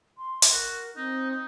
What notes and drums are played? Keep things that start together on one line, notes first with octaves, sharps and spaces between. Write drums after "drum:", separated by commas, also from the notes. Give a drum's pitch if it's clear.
C6
drum: hi-hat
F#4 A#4
C4 D#4
D#4